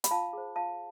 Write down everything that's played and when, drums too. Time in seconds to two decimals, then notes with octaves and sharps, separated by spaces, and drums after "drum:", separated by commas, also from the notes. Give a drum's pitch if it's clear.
0.04 B5, drum: hi-hat
0.11 F4 F5 A5
0.33 G#4 C5
0.56 F4 F5 A5